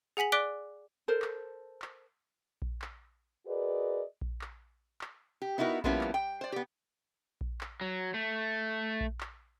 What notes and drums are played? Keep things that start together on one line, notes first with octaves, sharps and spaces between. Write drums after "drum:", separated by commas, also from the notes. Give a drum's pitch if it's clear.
G#4 F#5 G#5 B6 F#7
D5 D6 F#6 B6 D7 G7
A4 A#4 C5
drum: clap
drum: clap
drum: kick A#1
drum: clap
F#4 G#4 A#4 B4 D5 D#5
drum: kick A#1
drum: clap
drum: clap
G4
B3 D#4 E4 F#4 A#4
F3 G3 A#3 B3 C#4 E4, drum: kick A#1
drum: clap
G5
C5 D5
B3 G4
drum: kick A#1
drum: clap
F#3
A3
drum: kick A#1
drum: clap